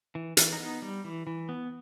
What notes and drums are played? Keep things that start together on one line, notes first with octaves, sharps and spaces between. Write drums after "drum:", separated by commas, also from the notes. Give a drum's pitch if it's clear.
E3
E3, drum: hi-hat
D#4
B3
G3
E3
E3
B3